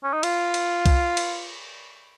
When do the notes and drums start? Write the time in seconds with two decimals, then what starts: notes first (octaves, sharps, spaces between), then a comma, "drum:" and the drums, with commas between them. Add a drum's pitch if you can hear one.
0.04 C#4
0.13 D#4
0.23 F4, drum: cymbal
0.54 drum: cymbal
0.86 drum: kick C2, cymbal
1.17 drum: cymbal